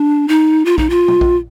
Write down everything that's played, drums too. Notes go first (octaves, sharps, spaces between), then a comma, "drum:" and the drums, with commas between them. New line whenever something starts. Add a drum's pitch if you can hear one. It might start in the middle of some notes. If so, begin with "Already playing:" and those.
Already playing: D4
D#4
F4
D#4, drum: kick A#1
F4
drum: tom
drum: kick A#1